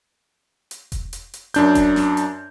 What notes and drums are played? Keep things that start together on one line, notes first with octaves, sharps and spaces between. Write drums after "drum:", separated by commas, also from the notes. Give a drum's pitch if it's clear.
drum: hi-hat
drum: kick E1, hi-hat
drum: hi-hat
drum: hi-hat
F#2 D4 G6, drum: hi-hat
drum: kick E1, hi-hat
drum: snare
drum: hi-hat